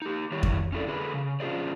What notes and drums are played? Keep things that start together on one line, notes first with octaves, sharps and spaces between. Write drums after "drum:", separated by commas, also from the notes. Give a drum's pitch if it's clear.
D#4 G4
D#3 E3 G3 C#5
drum: kick F2
C#4 E4 A4 D5
D3 G#4 B4
C#3
C#4 D4 F4 G#4 C5 D5